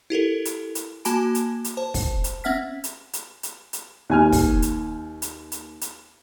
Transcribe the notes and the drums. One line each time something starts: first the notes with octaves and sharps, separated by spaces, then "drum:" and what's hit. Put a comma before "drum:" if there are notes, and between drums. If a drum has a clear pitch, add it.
E4 G4 A4 A#4
drum: hi-hat
drum: hi-hat
A#3 F#4 G#5 A5 B5 D7, drum: hi-hat
drum: hi-hat
drum: hi-hat
C5 A5
drum: kick, open hi-hat
drum: hi-hat
C4 C#4 E5 F#5 F6 B6
drum: hi-hat
drum: hi-hat
drum: hi-hat
drum: hi-hat
D#2 G#5 F6
drum: kick, open hi-hat
drum: hi-hat
drum: hi-hat
drum: hi-hat
drum: hi-hat